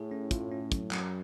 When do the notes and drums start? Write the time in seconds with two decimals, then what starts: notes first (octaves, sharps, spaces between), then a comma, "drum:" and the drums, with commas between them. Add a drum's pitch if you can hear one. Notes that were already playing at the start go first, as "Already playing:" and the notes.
Already playing: A2 G#4
0.11 C#4
0.31 F4, drum: kick, hi-hat
0.52 C#4
0.72 F#3, drum: kick, hi-hat
0.91 F#2 F#3, drum: clap